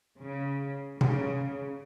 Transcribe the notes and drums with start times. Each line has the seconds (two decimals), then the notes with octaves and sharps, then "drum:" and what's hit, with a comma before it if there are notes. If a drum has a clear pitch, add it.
0.18 C#3
1.01 C#3, drum: tom C3